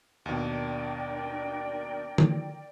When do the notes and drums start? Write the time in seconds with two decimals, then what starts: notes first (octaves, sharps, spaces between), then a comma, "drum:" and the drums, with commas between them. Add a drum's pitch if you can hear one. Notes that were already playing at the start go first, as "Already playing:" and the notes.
0.26 D#2 B2 D4 A#4 D5 G5
2.18 drum: tom